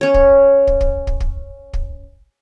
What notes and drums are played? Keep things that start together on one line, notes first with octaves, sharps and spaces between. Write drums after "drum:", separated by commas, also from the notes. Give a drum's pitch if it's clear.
C#4 C#5
drum: kick
drum: kick
drum: kick
drum: kick
drum: kick
drum: kick